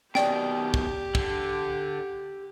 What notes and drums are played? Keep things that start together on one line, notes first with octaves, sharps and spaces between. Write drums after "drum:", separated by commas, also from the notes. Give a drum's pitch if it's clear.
B2 D#3 G4 D5 G5, drum: snare
drum: kick
D3, drum: kick